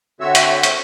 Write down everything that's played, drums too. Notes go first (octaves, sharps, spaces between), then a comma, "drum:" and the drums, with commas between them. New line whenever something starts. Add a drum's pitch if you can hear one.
D3 C4 F#4 C#5 E5 E6
drum: hi-hat
drum: hi-hat